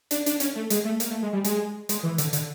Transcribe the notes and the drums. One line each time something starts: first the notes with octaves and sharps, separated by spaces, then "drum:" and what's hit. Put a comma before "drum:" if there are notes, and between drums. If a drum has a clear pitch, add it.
D4, drum: hi-hat
D4, drum: hi-hat
C#4, drum: hi-hat
A3
G#3, drum: hi-hat
A3
A#3, drum: hi-hat
A3
G#3
G3
G#3, drum: hi-hat
G#3, drum: hi-hat
E3
D3, drum: hi-hat
D3, drum: hi-hat